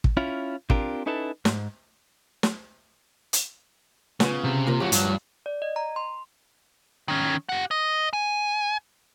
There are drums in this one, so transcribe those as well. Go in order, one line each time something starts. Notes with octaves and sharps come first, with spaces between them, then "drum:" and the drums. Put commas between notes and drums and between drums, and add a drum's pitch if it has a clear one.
drum: kick
C#4 E4 F4
C4 D4 F4 G4 A#4, drum: kick
C#4 D#4 E4 A4 B4 A5
G#2, drum: snare
drum: snare
drum: hi-hat
C#3 B3 F4 F#5, drum: snare
C3
A#3 F4 A#4
D2 F3 F#3 G4 F#5
G2, drum: hi-hat
D5
D#5
A#5
C6
D#3 C#4
G4 F#5
D#5
G#5